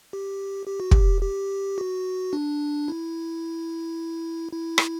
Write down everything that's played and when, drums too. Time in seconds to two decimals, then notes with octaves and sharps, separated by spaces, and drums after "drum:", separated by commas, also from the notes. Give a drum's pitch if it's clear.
0.13 G4
0.67 G4
0.80 F#4
0.91 G4, drum: kick
1.23 G4
1.78 F#4
2.33 D4
2.88 E4
4.53 E4
4.78 drum: rim click